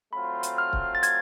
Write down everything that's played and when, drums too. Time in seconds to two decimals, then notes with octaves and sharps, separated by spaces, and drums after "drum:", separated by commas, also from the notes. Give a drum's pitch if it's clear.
0.13 F#3 A3 C4 F4 B5
0.43 drum: hi-hat
0.58 F6
0.73 drum: kick C#1
0.95 A6
1.03 G#6, drum: hi-hat